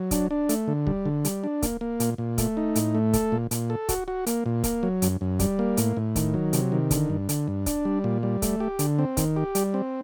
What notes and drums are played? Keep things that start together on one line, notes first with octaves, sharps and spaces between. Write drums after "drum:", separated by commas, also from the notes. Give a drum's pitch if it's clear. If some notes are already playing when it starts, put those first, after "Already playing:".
Already playing: F#3
D4, drum: kick C#1, hi-hat
D4
A3, drum: hi-hat
D3
G3, drum: kick C#1
D3
G3, drum: hi-hat
D4
A#3, drum: kick C#1, hi-hat
A#3
A#2, drum: hi-hat
A#2
A3, drum: kick C#1, hi-hat
D#4
A2, drum: hi-hat
A3
A4, drum: kick C#1, hi-hat
A#2
A#2, drum: hi-hat
A4
F#4, drum: kick C#1, hi-hat
F#4
A#3, drum: hi-hat
A#2
A#3, drum: kick C#1, hi-hat
F#3
F#2, drum: hi-hat
F#2
G3, drum: kick C#1, hi-hat
A#3
A2, drum: hi-hat
A2
D#3, drum: kick C#1, hi-hat
F#3
C3, drum: hi-hat
D#3
D3, drum: kick C#1, hi-hat
G2
D3, drum: hi-hat
G2
D4, drum: kick C#1, hi-hat
G3
A#2
G3
A3, drum: kick C#1, hi-hat
G4
D3, drum: hi-hat
C4
D#3, drum: kick C#1, hi-hat
G4
G3, drum: hi-hat
C4